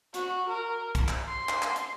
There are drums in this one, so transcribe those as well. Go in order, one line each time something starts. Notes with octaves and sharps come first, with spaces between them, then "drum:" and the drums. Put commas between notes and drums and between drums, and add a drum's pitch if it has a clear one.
F#4, drum: hi-hat
A#4
drum: kick, hi-hat
drum: clap
C6
drum: clap
drum: clap
drum: hi-hat